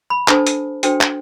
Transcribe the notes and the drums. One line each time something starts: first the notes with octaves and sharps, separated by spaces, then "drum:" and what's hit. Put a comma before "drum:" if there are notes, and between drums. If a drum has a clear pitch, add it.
B5
D4 A4 C5 A5, drum: clap
drum: hi-hat
D4 F#4 A4 C5 G5, drum: hi-hat
drum: clap